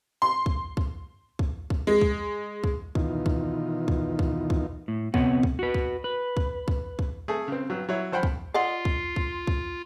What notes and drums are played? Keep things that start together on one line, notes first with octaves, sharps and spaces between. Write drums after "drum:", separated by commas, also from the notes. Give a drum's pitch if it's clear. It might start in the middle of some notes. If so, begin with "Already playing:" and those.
C6
drum: kick
drum: kick
drum: kick
drum: kick
G#3
drum: kick
drum: kick
B2 D#3 E3 D#4 F4, drum: kick
drum: kick
drum: kick
drum: kick
drum: kick
A2
C3 B3 C#5 F#5, drum: kick
drum: kick
F#4 B4
drum: kick
B4
drum: kick
drum: kick
drum: kick
A3 G#4
C#3 C4
G2 F#3
F#3 E4 C#5
F3 C5 F#5 G5 B5
drum: kick
F4 D5 D#5 F#5 C6
drum: kick
drum: kick
drum: kick